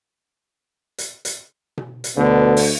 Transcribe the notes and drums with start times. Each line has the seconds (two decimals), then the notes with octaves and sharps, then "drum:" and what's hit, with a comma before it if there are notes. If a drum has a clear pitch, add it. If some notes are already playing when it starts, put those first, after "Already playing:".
0.98 drum: hi-hat
1.25 drum: hi-hat
1.78 drum: tom B2
2.04 drum: hi-hat
2.17 D2 B2 D3 B3
2.57 drum: open hi-hat